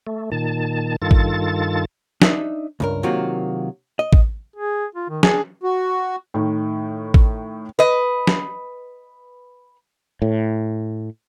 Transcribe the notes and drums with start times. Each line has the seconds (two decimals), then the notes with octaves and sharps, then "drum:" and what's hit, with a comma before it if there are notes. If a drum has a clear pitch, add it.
0.07 A3
0.32 A#2 D#3 A5
1.02 G2 D#3 F4 A4 A6
1.11 drum: kick A1
2.22 D4 D#4 E5, drum: snare
2.80 C#2 G2 A#4
3.03 C3 D#3 F#3 A#3 F4 F#4
3.99 D#5
4.13 drum: kick A1
4.56 G#4
4.95 F4
5.10 D#3
5.23 D4 G#4, drum: snare
5.63 F#4
6.34 A2 D#3
7.14 drum: kick A1
7.79 B4 D#5
8.27 drum: snare
10.22 A2